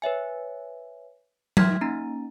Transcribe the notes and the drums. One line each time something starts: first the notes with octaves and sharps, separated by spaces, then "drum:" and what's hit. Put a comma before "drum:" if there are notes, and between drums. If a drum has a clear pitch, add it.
B4 C#5 E5 G#5
E5 C6 F6 G#6 B6, drum: tom F#3
A#3 C#4 D#4 A#5 A6